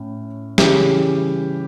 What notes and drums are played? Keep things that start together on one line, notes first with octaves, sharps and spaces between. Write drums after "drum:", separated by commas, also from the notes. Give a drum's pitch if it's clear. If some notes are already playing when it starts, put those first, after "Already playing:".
Already playing: A2 C#4
C#3 E3 G3 C#4 G4, drum: snare